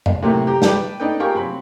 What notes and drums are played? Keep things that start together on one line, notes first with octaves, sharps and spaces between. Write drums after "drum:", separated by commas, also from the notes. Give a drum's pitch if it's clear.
drum: tom E2
A2 C3 F#3 A3 A#3
G4 A#5
B4 D5 G5 A5, drum: snare
D4 D#4 A4 B4 G5
F4 G4 G#4 A#4 G5 C#6
F#3 C4 B5